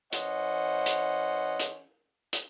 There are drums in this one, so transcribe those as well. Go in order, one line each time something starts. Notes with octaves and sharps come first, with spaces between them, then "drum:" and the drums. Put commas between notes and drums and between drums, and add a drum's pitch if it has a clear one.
E3 C#4 C5 D#5 F#5, drum: hi-hat
drum: hi-hat
drum: hi-hat
drum: hi-hat